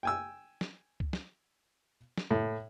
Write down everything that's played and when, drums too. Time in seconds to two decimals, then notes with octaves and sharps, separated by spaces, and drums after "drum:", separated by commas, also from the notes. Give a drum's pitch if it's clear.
0.03 G5 G#5 E6
0.61 drum: snare
1.00 drum: kick C#2
1.13 drum: snare
2.18 drum: snare
2.31 A2